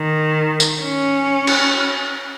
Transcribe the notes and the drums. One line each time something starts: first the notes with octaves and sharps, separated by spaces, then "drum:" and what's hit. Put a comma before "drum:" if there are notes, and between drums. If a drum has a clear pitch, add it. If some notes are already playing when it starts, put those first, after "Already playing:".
Already playing: D#3
drum: tambourine
C#4
drum: cymbal